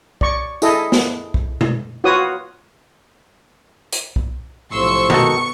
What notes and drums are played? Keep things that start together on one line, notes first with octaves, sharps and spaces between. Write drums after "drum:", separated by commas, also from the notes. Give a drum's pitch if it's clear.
D5 C#6, drum: kick
E4 G#4 A4 D#5, drum: tambourine
drum: snare
drum: kick
drum: tom B2
F4 F#4 B4 C#5 D#6
drum: hi-hat
drum: kick
B1 A2 C3 F3 C6 C#6 E6
D#3 B3 F#4 A4, drum: tom B2